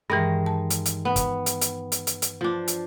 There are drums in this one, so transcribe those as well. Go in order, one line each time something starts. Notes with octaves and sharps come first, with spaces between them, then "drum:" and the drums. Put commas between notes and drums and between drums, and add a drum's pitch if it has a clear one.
G2 D#3 E3 G#3
A5
drum: hi-hat
drum: hi-hat
B3
drum: kick, hi-hat
drum: hi-hat
drum: hi-hat
drum: hi-hat
drum: hi-hat
drum: hi-hat
F3 D4
drum: hi-hat